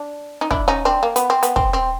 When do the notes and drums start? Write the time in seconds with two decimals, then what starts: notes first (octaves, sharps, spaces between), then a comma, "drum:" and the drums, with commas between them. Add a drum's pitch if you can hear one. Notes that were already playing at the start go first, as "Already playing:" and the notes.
Already playing: D4
0.41 D#4
0.51 D4 E4, drum: kick
0.68 C#4 D#4
0.85 C4 D4
1.03 A#3
1.16 B3, drum: hi-hat
1.30 C4
1.43 B3, drum: hi-hat
1.56 C4, drum: kick
1.73 C4